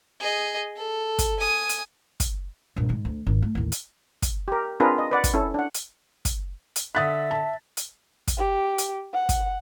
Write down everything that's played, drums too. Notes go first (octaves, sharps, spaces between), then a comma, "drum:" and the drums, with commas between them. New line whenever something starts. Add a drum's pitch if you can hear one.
G#4 D#5
A4
drum: kick, hi-hat
G#5 D#6
drum: hi-hat
drum: kick, hi-hat
A#1 G2
G#2 G#3
D2
G#1
A3
A1 D#2
drum: hi-hat
drum: kick, hi-hat
G4 A#4
C4 D4 F4 G#4 A#4 B4
D#5
B4 D5 F#5
drum: kick, hi-hat
C#4 E4 A4
D4 F#5
drum: hi-hat
drum: kick, hi-hat
drum: hi-hat
D3 E5 F#5 D#6 F#6 A6 B6
A5
drum: hi-hat
drum: kick, hi-hat
G4
drum: hi-hat
F#5
drum: kick, hi-hat